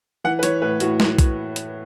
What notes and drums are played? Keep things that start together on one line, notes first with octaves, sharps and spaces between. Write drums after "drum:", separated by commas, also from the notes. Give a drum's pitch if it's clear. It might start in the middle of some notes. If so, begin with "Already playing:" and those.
E3 F#5
B4
E3 C#5, drum: hi-hat
A2 B4
A2 F#4, drum: hi-hat
drum: snare
drum: kick, hi-hat
drum: hi-hat